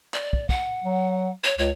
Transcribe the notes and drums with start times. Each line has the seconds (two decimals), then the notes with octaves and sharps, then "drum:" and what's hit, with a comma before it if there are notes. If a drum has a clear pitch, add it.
0.14 D5, drum: clap
0.33 drum: kick
0.49 F#5, drum: kick
0.83 F#3
1.44 C#5
1.58 C#2 C#5